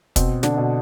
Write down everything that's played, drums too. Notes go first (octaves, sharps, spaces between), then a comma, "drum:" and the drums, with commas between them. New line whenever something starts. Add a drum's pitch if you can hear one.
B2 C4, drum: kick, hi-hat
D3 D4, drum: snare
B2